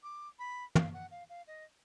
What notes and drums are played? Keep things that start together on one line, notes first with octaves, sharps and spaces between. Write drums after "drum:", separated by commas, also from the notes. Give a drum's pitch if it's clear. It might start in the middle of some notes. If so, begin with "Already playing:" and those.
D6
B5
F5, drum: tom
F#5
F5
F5
D#5